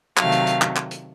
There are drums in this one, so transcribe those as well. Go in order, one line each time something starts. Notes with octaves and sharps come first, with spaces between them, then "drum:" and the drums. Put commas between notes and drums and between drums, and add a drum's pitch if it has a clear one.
C3 D#3 F#3 A3 F5, drum: clap
drum: hi-hat
drum: hi-hat
drum: clap
drum: clap
drum: hi-hat